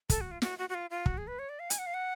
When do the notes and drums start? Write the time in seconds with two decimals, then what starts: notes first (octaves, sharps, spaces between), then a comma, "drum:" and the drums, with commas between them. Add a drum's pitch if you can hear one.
0.10 A4, drum: kick, hi-hat
0.21 F#4
0.31 F4
0.42 F#4, drum: snare
0.58 F#4
0.69 F#4
0.74 F4
0.90 F4
1.06 F#4, drum: kick
1.18 G#4
1.27 B4
1.39 C#5
1.49 D5
1.59 F5
1.70 G#5, drum: hi-hat
1.78 F#5
1.86 F5
1.94 F#5